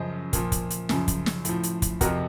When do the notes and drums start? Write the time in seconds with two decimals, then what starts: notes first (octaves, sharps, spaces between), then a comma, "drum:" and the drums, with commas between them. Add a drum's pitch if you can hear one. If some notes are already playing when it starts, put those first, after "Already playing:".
Already playing: F#2 C#3 F3 C5 D#5
0.33 A#2 F3, drum: kick, hi-hat
0.52 drum: kick, hi-hat
0.70 drum: hi-hat
0.89 F#2 C#3 F3, drum: snare
1.08 drum: kick, hi-hat
1.26 drum: snare
1.45 A2 F3, drum: hi-hat
1.63 drum: hi-hat
1.82 drum: kick, hi-hat
2.01 F2 C3 F3 F#4 A#4, drum: kick, hi-hat